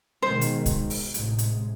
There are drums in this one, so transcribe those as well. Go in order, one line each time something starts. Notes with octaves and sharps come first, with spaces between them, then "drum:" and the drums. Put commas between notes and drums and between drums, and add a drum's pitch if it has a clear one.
B2 D#3 G#3 C5
drum: hi-hat
drum: kick, hi-hat
drum: open hi-hat
A1 C3 G#3, drum: hi-hat
drum: hi-hat